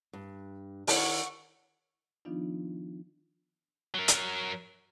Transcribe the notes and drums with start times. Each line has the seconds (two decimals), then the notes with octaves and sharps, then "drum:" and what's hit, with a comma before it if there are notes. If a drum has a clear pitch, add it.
0.13 G2
0.87 D#3 E4 C#5 F#5 C#6, drum: open hi-hat
2.25 D#3 F3 B3 D4 D#4 F4
3.94 F#3 A#4
4.08 drum: hi-hat